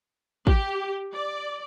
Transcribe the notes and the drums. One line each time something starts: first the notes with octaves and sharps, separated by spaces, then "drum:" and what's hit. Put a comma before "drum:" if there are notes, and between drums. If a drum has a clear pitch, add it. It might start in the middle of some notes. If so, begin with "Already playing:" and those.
G4, drum: kick
D5